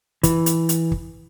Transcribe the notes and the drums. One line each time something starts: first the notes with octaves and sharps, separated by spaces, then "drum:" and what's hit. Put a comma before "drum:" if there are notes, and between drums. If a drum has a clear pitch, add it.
E3, drum: kick, hi-hat
drum: hi-hat
drum: hi-hat
drum: kick